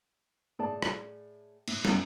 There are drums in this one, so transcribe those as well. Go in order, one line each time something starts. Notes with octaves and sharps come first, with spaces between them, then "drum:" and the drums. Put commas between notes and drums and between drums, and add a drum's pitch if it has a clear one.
A2 G#4 D5 A5
drum: rim click
A2, drum: cymbal
F#2 B3, drum: snare